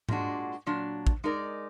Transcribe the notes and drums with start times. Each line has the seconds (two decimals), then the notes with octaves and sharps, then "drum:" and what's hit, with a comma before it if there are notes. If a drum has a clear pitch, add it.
0.09 A#2 G#3 D4 F#4, drum: tom G#2
0.66 A#2 F#3 D4
1.07 drum: kick
1.24 G#3 D#4 A#4 D5